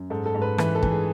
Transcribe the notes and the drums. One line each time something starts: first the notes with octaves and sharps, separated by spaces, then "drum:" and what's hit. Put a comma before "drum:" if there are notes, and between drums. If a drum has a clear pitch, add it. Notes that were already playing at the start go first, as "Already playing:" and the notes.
Already playing: F#2
G#2 A4
A4
G#2
B4
E3 B4, drum: rim click
A4
E3, drum: kick
G#4